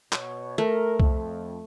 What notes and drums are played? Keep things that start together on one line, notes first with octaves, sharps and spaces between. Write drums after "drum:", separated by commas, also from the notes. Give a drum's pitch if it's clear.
B2 C#5, drum: clap
A3 A#4
F2, drum: kick C2